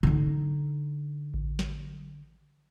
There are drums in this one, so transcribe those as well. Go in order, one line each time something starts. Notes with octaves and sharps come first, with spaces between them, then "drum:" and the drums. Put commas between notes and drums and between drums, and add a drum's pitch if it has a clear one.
D3 D#4
drum: kick A1
drum: snare